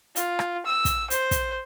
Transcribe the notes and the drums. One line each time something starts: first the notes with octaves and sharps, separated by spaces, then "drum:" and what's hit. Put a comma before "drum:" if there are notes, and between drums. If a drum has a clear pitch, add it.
F4, drum: hi-hat
drum: rim click
E6
drum: kick, hi-hat
C5, drum: hi-hat
drum: kick, hi-hat